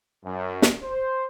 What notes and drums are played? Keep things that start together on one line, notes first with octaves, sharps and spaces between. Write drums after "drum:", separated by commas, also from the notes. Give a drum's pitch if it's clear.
F#2
drum: snare
C5